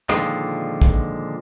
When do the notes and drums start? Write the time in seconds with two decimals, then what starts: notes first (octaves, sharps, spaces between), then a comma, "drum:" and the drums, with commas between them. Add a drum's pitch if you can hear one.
0.09 A#2 D3 D#3 F3 G#3, drum: hi-hat
0.82 drum: kick